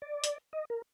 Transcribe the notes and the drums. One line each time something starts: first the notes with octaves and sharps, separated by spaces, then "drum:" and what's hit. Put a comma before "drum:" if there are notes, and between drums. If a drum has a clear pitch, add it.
D5
drum: hi-hat
D#5
A#4